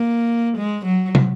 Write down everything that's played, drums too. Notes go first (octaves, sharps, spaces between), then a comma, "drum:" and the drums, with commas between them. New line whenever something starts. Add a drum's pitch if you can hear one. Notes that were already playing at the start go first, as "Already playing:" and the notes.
Already playing: A#3
G#3
F#3
drum: tom